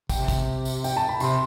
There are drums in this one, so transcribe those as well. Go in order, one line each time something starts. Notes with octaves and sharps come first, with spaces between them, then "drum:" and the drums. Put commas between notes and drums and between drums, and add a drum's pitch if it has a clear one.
C3 G5, drum: kick, tambourine
drum: kick, tambourine
drum: tambourine
G5, drum: tambourine
A5
B5
C3 C6, drum: tambourine